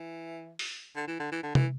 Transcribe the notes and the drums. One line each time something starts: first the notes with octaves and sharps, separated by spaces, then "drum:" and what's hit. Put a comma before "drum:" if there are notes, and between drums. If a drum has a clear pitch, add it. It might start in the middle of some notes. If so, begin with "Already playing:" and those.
Already playing: E3
drum: open hi-hat
D3
E3
D3
E3
D3
E3, drum: tom C3